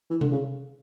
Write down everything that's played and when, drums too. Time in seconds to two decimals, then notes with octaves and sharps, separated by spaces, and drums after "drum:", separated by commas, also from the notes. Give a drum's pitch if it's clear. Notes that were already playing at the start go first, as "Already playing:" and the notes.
0.10 E3
0.21 D3, drum: tom C3
0.32 C#3